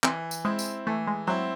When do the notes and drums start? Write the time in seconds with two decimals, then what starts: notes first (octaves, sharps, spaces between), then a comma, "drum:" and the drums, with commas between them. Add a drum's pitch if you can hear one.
0.03 E3 C4, drum: clap
0.31 drum: tambourine
0.45 G#3 C4 E4
0.59 drum: tambourine
0.87 E3 A3
1.07 G#3
1.27 F#3 C4 E4